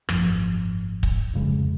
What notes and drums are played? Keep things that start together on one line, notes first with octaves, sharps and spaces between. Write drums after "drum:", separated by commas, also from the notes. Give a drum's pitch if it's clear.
G#1 F#2 F3, drum: rim click
drum: kick
F1 F2 C#3 G#3